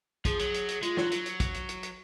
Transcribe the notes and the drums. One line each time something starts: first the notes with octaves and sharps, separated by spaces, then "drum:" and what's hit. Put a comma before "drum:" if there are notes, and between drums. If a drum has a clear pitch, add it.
F3 G#4, drum: kick, hi-hat
F#3, drum: hi-hat
drum: hi-hat
drum: hi-hat
G#3 F4, drum: hi-hat
F#3, drum: snare
F#3, drum: hi-hat
drum: hi-hat
drum: kick, hi-hat
drum: hi-hat
drum: hi-hat
drum: hi-hat